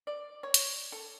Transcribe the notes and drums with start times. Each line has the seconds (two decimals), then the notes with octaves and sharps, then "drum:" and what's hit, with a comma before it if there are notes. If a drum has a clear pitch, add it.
0.07 D5
0.43 C#5
0.54 drum: hi-hat
0.92 A4